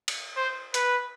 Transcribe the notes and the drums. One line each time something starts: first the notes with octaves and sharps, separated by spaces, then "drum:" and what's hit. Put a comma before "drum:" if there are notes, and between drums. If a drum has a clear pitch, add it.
drum: cymbal
C5
B4, drum: hi-hat